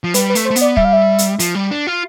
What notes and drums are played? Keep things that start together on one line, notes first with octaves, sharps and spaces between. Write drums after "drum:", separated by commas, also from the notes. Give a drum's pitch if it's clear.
F3
G3 B4, drum: hi-hat
B4
A3, drum: hi-hat
C5
A3
B3, drum: hi-hat
D5
G3 E5, drum: kick
F5
E5
drum: hi-hat
F3, drum: hi-hat
G3
D4
F4